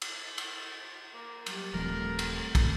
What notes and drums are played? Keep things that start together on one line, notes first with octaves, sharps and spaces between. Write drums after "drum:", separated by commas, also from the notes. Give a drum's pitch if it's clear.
drum: cymbal
drum: cymbal
A#3
F#3 G3 G4, drum: cymbal
D#1 F3 G3 A3 C4 A4 A#4
drum: cymbal
drum: kick, cymbal